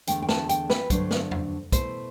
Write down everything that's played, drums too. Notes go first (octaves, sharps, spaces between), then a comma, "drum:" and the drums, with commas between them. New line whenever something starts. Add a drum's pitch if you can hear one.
E2 D3 A3 G5, drum: hi-hat
G5
A5, drum: snare
G5, drum: hi-hat
B4, drum: snare
G2 D3 F#3 A3 D4 C5, drum: kick, hi-hat
drum: snare
drum: tom E2
B2 A3 E4 C5, drum: kick, hi-hat